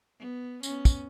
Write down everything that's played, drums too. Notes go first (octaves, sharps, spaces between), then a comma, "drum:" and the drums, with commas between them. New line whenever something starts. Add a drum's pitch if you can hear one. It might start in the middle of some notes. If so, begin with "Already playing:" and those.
B3
B3 C#4, drum: tambourine
drum: kick, tambourine